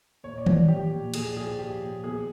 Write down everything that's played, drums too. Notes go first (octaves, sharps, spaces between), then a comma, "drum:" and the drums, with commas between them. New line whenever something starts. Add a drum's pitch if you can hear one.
A#2 C#5
D5
F3 C#5, drum: tom D#3
F3 G4
A#2
A#2 G#4, drum: cymbal
F3 G#4
F3 G4
A#2
B2 G#4